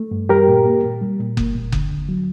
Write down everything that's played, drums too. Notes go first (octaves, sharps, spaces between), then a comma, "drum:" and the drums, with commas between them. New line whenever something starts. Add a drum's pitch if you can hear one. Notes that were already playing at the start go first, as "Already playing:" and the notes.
Already playing: A3
G2
G3 G4 A#4
A#2
A#3
A#2
G3
A#2
A#3, drum: kick F#1
A#2
D3, drum: kick F#1
D#2
F#3